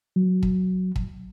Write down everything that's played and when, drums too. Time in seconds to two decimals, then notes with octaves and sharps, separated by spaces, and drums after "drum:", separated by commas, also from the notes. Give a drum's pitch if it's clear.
0.16 F#3
0.43 drum: kick
0.96 drum: kick